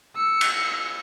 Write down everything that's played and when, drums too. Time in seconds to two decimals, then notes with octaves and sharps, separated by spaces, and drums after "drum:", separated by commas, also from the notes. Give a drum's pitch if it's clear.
0.15 E6 C#7
0.41 drum: cymbal